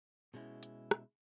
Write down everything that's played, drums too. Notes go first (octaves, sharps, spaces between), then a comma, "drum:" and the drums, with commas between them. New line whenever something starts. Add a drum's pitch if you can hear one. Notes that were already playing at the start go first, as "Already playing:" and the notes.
B2 G#3 C#4 E4
drum: hi-hat
drum: rim click